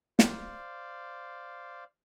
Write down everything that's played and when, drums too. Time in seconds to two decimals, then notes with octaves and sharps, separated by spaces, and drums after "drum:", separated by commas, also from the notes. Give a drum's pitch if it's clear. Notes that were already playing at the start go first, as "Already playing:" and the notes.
0.19 C5 D5 F5, drum: snare